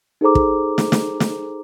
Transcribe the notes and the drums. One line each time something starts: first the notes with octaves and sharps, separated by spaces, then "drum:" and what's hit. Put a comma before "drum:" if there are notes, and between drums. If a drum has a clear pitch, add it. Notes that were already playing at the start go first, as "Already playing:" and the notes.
D#4 G#4 A4 C5 A#5 D6
drum: kick
drum: snare
drum: snare
drum: snare